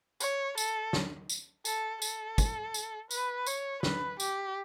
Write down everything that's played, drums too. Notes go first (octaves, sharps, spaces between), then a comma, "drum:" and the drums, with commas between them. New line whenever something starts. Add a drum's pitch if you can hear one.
C#5, drum: tambourine
A4, drum: tambourine
drum: snare
drum: tambourine
A4, drum: tambourine
A4, drum: tambourine
drum: kick, tambourine
drum: tambourine
B4, drum: tambourine
C#5, drum: tambourine
B4, drum: snare
G4, drum: tambourine